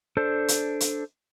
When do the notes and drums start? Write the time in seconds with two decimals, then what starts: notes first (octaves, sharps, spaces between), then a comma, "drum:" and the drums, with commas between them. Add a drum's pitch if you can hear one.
0.17 D4 A4 C5
0.48 drum: hi-hat
0.80 drum: hi-hat